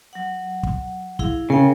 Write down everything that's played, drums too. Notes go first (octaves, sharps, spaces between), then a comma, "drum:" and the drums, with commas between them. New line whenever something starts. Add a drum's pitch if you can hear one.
F#3 F#5
drum: kick
E4 G#4 F5, drum: kick
C#3 A#4 G5